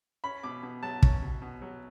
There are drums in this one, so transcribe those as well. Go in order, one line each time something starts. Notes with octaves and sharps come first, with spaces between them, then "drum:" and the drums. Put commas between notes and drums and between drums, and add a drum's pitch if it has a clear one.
C#4 B5
B2 D6
B2
F#3 A5
C#4, drum: kick
B2
B2
F#3